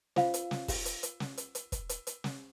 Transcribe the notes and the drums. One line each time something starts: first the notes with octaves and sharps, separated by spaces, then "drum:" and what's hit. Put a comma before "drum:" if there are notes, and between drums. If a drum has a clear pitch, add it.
F4 C5 F5, drum: snare
drum: hi-hat
drum: snare
drum: kick, open hi-hat
drum: hi-hat
drum: hi-hat
drum: snare
drum: hi-hat
drum: hi-hat
drum: kick, hi-hat
drum: hi-hat
drum: hi-hat
drum: snare